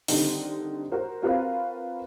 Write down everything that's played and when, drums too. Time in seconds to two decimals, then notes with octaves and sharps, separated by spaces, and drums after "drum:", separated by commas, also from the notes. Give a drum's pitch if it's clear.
0.08 D3 D#3 G3 C4 D#4, drum: open hi-hat
0.92 F#4 A#4 C5
1.22 C4 F4 F#4 A#4 B4 F5